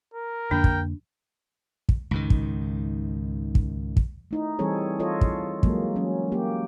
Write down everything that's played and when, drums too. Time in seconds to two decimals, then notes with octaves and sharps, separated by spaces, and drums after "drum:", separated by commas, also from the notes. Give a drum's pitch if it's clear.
0.14 A#4
0.51 F2 D3 A#3 D4 G5
0.64 drum: kick
1.89 drum: kick
2.11 C#2 G#2 D#3
2.30 drum: kick
3.55 drum: kick
3.97 drum: kick
4.31 A3 D#4 E4
4.59 E3 G3 C4 G#4 A4 C#5
5.00 F4 A4 C#5 D#5
5.21 drum: kick
5.63 E3 F#3 G#3 A#3, drum: kick
5.96 F#3 C#4
6.32 A#3 G4